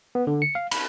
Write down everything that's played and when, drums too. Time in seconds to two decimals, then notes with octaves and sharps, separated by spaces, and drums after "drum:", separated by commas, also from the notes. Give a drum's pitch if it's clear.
0.15 B3
0.27 D3
0.42 C#7
0.55 F5
0.71 B5, drum: cymbal